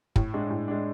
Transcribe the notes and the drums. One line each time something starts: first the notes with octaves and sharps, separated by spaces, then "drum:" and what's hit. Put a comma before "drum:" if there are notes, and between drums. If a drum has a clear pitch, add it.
A2, drum: kick
G#3 D4
A2
G#3 D4